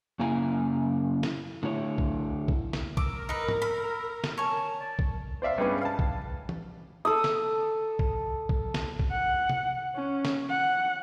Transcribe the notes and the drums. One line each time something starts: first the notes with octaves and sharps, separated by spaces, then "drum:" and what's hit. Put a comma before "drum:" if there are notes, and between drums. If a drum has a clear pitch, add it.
F#2 C#3 A#3 E4 G#5 A#5
drum: snare
D3 A3 E4 C#5
drum: kick A#1
drum: kick A#1
drum: snare
A#4 D6 E6, drum: kick A#1
D#4 B4
drum: tom
B5 E6
drum: snare
C#5 G#5 A5
D5
drum: kick A#1
C5 D5 E5 F5
G2 G3 G#3 B3 C#4 E4
F5 A5
drum: kick A#1
drum: tom
A4 D#6
drum: snare
drum: kick A#1
drum: kick A#1
drum: snare
drum: kick A#1
F#5
drum: tom C3
C#4
drum: snare
F#5